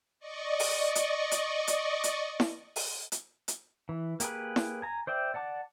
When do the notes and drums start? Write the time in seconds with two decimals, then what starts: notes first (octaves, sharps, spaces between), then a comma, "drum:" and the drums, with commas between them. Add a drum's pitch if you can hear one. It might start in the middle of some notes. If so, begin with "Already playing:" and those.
0.19 D5 D#5 C#6
0.59 drum: open hi-hat
0.95 drum: hi-hat
1.31 drum: hi-hat
1.67 drum: hi-hat
2.04 drum: hi-hat
2.40 drum: snare E4
2.76 drum: open hi-hat
3.12 drum: hi-hat
3.48 drum: hi-hat
3.89 E3
4.20 A#3 G4 G#4 B4, drum: hi-hat
4.56 drum: snare E4
4.82 G#5 A#5
5.07 C5 D5 E5 G5
5.34 D5 F#5 A5 D6